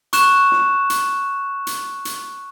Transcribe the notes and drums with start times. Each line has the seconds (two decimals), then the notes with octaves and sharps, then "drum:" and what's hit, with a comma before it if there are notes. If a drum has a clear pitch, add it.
0.13 C#6 F#6 E7, drum: hi-hat
0.51 drum: snare
0.90 drum: hi-hat
1.67 drum: hi-hat
2.05 drum: hi-hat